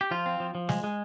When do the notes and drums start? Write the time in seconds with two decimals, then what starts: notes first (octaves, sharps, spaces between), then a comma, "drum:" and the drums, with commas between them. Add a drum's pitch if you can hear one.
0.01 G4
0.11 F3 F4
0.26 C4
0.40 F3
0.55 F3
0.69 G#3, drum: snare
0.84 G#3